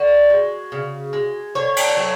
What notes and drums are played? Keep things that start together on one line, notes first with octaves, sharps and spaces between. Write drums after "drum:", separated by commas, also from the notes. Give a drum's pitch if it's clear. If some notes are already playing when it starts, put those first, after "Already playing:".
Already playing: D3 F#4
G#3
C#3
G#3
D3 C#5
drum: cymbal
F#3 A3